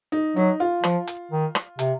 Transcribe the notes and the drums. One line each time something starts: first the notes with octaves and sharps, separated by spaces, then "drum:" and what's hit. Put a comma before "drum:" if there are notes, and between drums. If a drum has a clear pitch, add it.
D#4
F#3 D#4
F4
F3, drum: rim click
drum: hi-hat
D#3
drum: rim click
C3, drum: hi-hat